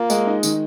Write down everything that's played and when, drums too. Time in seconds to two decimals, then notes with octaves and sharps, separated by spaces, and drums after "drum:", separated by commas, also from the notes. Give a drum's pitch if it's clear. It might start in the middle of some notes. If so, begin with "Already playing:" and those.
Already playing: A#3 F4
0.10 G#3, drum: tambourine
0.27 D#4
0.43 D#3, drum: tambourine